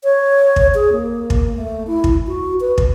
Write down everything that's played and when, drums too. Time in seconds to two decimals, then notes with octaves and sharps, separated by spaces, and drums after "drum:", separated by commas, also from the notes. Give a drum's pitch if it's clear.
0.04 C#5
0.56 drum: kick
0.75 G#4
0.92 A#3
1.30 drum: kick
1.56 A3
1.87 E4
2.04 drum: kick
2.27 F#4
2.61 B4
2.78 drum: kick